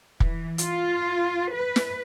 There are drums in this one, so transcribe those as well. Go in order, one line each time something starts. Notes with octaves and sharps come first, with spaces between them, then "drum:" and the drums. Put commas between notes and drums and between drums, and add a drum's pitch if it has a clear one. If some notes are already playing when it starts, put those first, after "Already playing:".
E3, drum: kick
F4, drum: hi-hat
B4
drum: snare